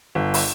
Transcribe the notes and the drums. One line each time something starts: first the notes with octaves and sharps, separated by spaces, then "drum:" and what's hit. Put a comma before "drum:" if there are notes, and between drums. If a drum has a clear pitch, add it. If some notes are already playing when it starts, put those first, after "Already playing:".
G1
drum: open hi-hat